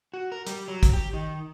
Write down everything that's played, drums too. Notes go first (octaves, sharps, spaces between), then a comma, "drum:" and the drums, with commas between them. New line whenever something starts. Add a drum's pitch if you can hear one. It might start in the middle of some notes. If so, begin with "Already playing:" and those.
F#4
A#4
G3, drum: hi-hat
F#3
drum: kick, hi-hat
G4
D#3